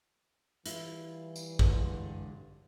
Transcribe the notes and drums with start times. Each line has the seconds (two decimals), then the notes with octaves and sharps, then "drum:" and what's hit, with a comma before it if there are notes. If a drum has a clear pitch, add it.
0.66 E3 G3 E4 F4, drum: hi-hat
1.36 drum: tambourine
1.59 G2 D3 G#3, drum: kick